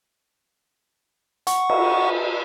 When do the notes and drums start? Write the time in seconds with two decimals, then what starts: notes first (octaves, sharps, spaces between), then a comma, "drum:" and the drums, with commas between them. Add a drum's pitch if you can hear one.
1.47 F#5 C#6, drum: hi-hat
1.70 drum: cymbal